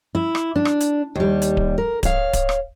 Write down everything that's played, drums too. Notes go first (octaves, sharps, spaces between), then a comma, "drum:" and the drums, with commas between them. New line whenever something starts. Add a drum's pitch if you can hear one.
E4
drum: rim click
D4
drum: rim click
drum: hi-hat
D#2 G3
drum: hi-hat
drum: kick D1
A#4
C#5 F5, drum: kick D1, hi-hat
drum: kick D1, hi-hat
drum: rim click